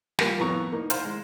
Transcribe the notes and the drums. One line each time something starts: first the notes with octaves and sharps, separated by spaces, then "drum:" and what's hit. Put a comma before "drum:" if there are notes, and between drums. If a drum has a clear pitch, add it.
G3 A#3 F4, drum: snare
F2 A2 B3 E4 A#5 C#6
A#3 D#4
C5 F5 A#5 C6, drum: hi-hat
G#3